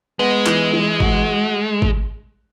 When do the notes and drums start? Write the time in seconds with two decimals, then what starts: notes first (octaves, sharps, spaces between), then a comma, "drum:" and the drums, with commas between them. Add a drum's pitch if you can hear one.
0.19 G#3 B3
0.46 E3, drum: clap
0.73 E3
1.00 F#4, drum: kick
1.82 drum: kick